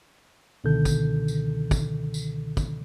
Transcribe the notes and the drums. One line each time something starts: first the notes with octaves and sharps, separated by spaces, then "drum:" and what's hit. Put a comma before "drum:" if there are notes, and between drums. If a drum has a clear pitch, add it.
C#2 B2 D3 D#3 A4 G6
drum: kick, tambourine
drum: tambourine
drum: kick, tambourine
drum: tambourine
drum: kick, tambourine